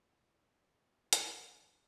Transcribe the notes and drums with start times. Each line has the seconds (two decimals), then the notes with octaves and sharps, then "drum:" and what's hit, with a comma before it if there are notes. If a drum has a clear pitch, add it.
0.57 B3 E4 A4 D5
1.13 drum: hi-hat
1.30 E3 G#3 B3 E4 G#4